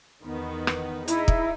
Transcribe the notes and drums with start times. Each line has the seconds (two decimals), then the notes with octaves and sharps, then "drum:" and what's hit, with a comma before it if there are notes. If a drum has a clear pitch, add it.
0.22 E2 D#3 B3
0.67 drum: rim click
1.08 D#4 E4 G#4, drum: hi-hat
1.28 drum: kick